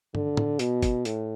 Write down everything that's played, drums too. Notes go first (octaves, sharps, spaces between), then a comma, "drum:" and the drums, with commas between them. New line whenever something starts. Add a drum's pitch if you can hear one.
D3, drum: tom
drum: tom A2
B2, drum: hi-hat
drum: kick F#1, hi-hat
A2, drum: hi-hat